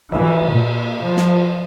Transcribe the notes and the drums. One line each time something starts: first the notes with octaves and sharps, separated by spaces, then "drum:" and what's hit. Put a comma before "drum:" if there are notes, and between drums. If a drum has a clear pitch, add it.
E3, drum: cymbal
A#2
F3
drum: snare